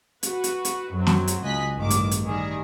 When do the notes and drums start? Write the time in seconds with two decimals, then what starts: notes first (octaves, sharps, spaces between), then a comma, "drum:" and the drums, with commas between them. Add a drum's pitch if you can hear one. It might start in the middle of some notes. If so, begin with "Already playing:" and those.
0.23 F#4 B4, drum: hi-hat
0.44 drum: hi-hat
0.65 drum: hi-hat
0.93 F#2 F#3 C4
1.07 drum: snare
1.28 drum: hi-hat
1.42 C#2 D#5 G#5 F#6 B6
1.76 A1 G2 D#3 D6
1.90 drum: hi-hat
2.11 drum: hi-hat
2.25 D#3 G3 G#4